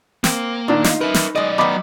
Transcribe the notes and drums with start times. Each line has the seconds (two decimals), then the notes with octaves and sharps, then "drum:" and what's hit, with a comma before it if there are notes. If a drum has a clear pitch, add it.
0.24 A#3 C4, drum: snare
0.68 A#2 D#3 D4 D5
0.84 D#4 F4, drum: snare
1.01 A#4 B4 E5
1.14 drum: snare
1.35 F#3 G#3 D5 D#5
1.58 D#3 B3 D#5 B5 D6